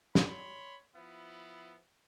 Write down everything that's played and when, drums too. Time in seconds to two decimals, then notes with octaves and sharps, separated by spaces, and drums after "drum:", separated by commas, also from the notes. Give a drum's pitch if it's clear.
0.15 C#5 B5 C6, drum: snare
0.96 F3 B3 E4